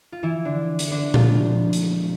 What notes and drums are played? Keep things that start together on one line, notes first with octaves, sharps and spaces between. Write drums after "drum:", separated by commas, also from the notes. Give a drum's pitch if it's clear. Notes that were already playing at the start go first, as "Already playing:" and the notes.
F4
E3 E4
D3 D4
drum: hi-hat
D3 D4
F3 F4, drum: tom A#2
drum: hi-hat